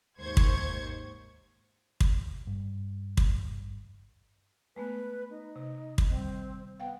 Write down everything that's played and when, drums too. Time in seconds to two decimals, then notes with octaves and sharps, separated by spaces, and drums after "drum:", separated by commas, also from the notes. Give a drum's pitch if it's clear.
0.20 D#2 G#2 D#3 C5 C#6 G#6
0.37 drum: kick
2.00 drum: kick
2.47 G2
3.17 drum: kick
4.76 G#3 A3 B3 B4
5.31 D#4
5.56 C3
5.98 drum: kick
6.09 D#3 G3 C4
6.80 B3 F5 G5